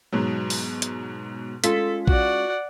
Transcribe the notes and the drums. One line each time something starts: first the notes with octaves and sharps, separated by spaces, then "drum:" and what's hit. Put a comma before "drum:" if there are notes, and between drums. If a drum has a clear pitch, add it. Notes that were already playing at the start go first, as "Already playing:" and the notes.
G#2 B2 F#3
drum: open hi-hat
drum: hi-hat
G#3 C#4 F4 A4 B6, drum: hi-hat
F#4 D5 F#5, drum: kick A#1